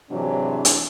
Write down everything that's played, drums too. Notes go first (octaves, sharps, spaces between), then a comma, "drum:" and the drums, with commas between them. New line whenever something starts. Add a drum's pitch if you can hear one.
G#2 C3 E3 F#3 D4
drum: hi-hat